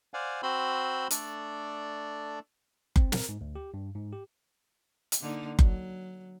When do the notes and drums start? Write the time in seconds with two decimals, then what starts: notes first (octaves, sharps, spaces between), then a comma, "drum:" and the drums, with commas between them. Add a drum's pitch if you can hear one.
0.14 C5 D5 F5 F#5 G#5
0.43 C4 F#4 C5 B5 C6 E6
1.11 A3 D4 A4 D5, drum: hi-hat
2.96 C4, drum: kick F#1
3.12 A#4, drum: snare
3.29 G#2
3.41 D2
3.55 G4
3.74 G2
3.95 G#2
4.13 G4
5.12 drum: hi-hat
5.21 D3 A#3 D#4
5.59 F#3, drum: kick F#1